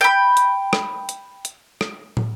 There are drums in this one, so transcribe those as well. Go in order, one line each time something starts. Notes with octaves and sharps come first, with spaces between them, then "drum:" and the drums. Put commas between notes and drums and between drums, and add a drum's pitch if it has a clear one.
G5 B5
drum: hi-hat
drum: rim click
drum: hi-hat
drum: hi-hat
drum: rim click
drum: tom